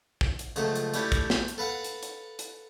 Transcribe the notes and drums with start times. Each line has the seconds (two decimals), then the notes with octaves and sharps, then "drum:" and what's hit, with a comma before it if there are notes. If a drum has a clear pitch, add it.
0.21 drum: kick
0.39 drum: hi-hat
0.56 C#2 F3 F#3 A3 A4, drum: hi-hat
0.75 drum: hi-hat
0.94 A3 C#4 D4 E4 G4, drum: hi-hat
1.12 drum: kick, hi-hat
1.30 drum: snare
1.48 drum: hi-hat
1.58 A4 B4 F5 F#5
1.84 drum: hi-hat
2.03 drum: hi-hat
2.39 drum: hi-hat